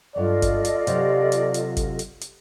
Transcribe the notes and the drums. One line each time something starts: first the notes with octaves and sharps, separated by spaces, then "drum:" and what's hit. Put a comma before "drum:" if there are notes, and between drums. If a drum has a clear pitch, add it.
G2 F#3 F4 A4 D5 D#5
drum: kick G#1, hi-hat
drum: hi-hat
C3 F#3 G4, drum: hi-hat
drum: hi-hat
drum: hi-hat
drum: kick G#1, hi-hat
drum: hi-hat
drum: hi-hat